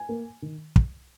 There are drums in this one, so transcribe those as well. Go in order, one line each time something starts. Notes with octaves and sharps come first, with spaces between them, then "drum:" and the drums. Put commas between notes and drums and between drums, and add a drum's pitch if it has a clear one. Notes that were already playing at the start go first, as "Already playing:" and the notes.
Already playing: G#5
A#3
D#3
drum: kick